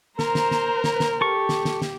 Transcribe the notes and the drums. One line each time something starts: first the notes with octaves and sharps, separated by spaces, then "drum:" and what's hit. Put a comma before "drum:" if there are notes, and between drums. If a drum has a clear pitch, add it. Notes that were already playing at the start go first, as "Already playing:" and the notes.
A#4 C5 A#5, drum: snare
drum: snare
drum: snare
drum: snare
drum: snare
G4 A4 C#6
drum: snare
drum: snare
drum: snare